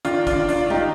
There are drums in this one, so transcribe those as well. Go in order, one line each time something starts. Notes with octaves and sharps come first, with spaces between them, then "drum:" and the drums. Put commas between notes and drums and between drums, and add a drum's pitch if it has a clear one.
D#3 D4 F4, drum: hi-hat
D4 F4, drum: kick, hi-hat
D#3
D4 F4, drum: hi-hat
F4
D#3 D#4 G4, drum: tom G#3